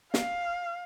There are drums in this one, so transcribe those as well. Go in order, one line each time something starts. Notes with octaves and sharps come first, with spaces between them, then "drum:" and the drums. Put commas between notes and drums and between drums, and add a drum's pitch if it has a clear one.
F5, drum: snare